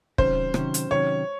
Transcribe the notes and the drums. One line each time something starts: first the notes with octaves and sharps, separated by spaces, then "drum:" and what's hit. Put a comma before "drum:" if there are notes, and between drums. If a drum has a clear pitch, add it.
C3 D#3 F#3 C#4 C5, drum: kick
C3 D#3 F#3 C#4, drum: rim click
drum: hi-hat
C3 D#3 F#3 C#4 C#5